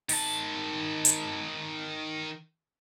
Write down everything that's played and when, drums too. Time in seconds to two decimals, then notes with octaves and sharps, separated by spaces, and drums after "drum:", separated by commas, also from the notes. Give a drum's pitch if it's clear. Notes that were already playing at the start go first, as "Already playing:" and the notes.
0.09 D#3 A5, drum: open hi-hat
1.05 drum: hi-hat